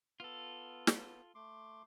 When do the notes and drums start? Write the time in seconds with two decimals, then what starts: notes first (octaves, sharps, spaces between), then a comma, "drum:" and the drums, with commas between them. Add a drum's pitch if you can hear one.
0.20 B3 F4 A4
0.87 drum: snare
1.35 A3 C6 D6